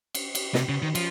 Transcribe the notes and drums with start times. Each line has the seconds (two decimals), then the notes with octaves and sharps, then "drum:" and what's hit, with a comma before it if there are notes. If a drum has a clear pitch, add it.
0.15 drum: cymbal
0.35 drum: cymbal
0.54 C3, drum: snare
0.69 C#3
0.82 D#3
0.95 F3, drum: cymbal